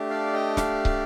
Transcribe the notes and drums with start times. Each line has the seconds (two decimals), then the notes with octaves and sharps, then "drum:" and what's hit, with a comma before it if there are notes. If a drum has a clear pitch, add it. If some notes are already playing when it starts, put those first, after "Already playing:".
Already playing: A3 D4 G4
0.10 D5 F5
0.33 D#5 G5
0.57 D5 F5, drum: snare
0.85 drum: kick